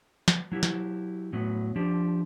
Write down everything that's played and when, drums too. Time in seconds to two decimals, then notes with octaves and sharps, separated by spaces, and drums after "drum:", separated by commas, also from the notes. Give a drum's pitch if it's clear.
0.28 drum: snare
0.52 F#3 E4 G4
0.63 drum: snare
1.33 A2 F#3 B3
1.76 F3 D4 G4